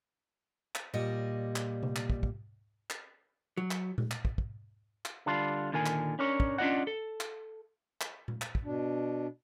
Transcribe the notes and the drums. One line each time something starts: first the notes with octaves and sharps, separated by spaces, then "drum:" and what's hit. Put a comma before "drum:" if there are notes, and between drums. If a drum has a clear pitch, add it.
drum: clap
A#2 G3 D#5
drum: clap
drum: tom C3
drum: clap
drum: kick
drum: kick
drum: clap
F#3
drum: clap
drum: tom A#2
drum: clap
drum: kick
drum: kick
drum: clap
D3 G3 D4 F4
A#2 D3 D#3 A#4 G#5
drum: clap
C#4 D4 A#4 C#5
drum: kick
C#4 D4 F4 D5 D#5 F#5
A4
drum: clap
drum: clap
drum: tom A#2
drum: clap
drum: kick
B2 D4